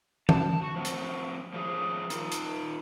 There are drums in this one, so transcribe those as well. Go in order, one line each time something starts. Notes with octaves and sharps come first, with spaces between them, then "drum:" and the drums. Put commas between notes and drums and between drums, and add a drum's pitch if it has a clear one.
A5, drum: tom
F#4
F3 F#3 A3 C4 F4 F#4
drum: hi-hat
F3 G3 A3 G#4 C#5
D#4 F4 A#4, drum: hi-hat
drum: hi-hat